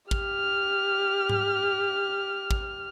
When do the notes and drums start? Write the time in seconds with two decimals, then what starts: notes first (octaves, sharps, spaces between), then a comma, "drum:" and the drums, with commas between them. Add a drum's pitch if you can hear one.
0.11 G4 F6, drum: kick
1.29 drum: tom G#2
2.51 drum: kick